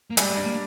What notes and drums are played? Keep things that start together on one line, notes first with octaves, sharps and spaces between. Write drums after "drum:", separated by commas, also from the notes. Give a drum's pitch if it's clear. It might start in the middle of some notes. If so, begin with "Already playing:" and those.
A#3
G3 G#3, drum: hi-hat
G#3
D4
A#3